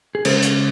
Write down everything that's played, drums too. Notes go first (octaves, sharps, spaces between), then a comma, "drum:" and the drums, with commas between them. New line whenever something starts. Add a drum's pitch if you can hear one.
G#4
C#3 G#3 C#4 A#4, drum: cymbal
C#5, drum: hi-hat